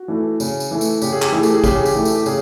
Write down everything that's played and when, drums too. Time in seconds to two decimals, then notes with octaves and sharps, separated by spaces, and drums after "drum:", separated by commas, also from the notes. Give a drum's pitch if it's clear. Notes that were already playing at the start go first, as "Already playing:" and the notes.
Already playing: F#4
0.08 E3 A3
0.40 C#3, drum: tambourine
0.60 drum: tambourine
0.71 E3 A3
0.81 drum: tambourine
1.02 C#3 G4, drum: tambourine
1.12 G#4
1.22 G4, drum: clap
1.32 E3 A3 G#4
1.43 G4, drum: tambourine
1.54 G#4
1.64 C#3 G4, drum: kick, tambourine
1.75 G#4
1.85 G4, drum: tambourine
1.95 E3 A3
2.05 drum: tambourine
2.15 G4
2.26 C#3 G#4, drum: tambourine